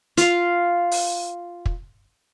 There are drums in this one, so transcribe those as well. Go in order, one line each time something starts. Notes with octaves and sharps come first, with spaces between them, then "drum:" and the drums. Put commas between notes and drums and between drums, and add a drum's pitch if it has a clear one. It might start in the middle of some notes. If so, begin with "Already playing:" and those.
F4 F5, drum: hi-hat
drum: open hi-hat
drum: kick